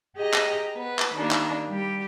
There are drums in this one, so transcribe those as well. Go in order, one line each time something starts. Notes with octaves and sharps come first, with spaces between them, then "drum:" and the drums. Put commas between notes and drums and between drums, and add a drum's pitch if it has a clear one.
G4 G#4 D#5 A#5
drum: clap
B3 B4
drum: clap
D#3 G3 A#3 D4
drum: clap
G3 G4